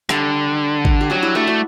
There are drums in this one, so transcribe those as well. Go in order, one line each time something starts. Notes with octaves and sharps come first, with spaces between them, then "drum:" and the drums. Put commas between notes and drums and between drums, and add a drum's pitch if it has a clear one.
D3 G3, drum: rim click
drum: kick
G4
F#3 D4 F#4
E4 G4
A3 D4 F#4
D4 F#4